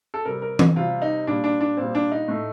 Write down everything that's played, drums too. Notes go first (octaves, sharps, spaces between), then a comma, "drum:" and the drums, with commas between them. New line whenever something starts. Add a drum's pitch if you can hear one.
A4
C3 G3 A#4
A#4
drum: tom E3
C3 G3 F4
D#4
A#2 G3 D4
D4
D4
A#2 G3 C4
D4
D#4
A2 A3